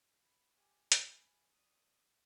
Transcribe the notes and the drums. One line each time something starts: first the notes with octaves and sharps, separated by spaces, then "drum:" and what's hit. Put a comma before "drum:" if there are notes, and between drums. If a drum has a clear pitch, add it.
B5
G4 G#5
G#5 B5, drum: hi-hat
D5 D#6